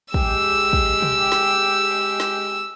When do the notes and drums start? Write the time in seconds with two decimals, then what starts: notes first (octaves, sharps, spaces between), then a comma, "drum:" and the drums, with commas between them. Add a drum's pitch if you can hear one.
0.14 G#3 G4 E6, drum: kick
0.73 drum: kick
1.02 drum: tom
1.32 drum: snare
2.20 drum: snare